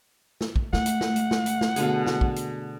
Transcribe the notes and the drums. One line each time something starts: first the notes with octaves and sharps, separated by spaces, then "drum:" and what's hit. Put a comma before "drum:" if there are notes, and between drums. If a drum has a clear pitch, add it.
drum: snare
drum: kick
A3 F#5, drum: snare
drum: hi-hat
drum: snare
drum: hi-hat
drum: snare
drum: hi-hat
drum: snare
B2 D3 G#4, drum: hi-hat
drum: snare
drum: kick
drum: hi-hat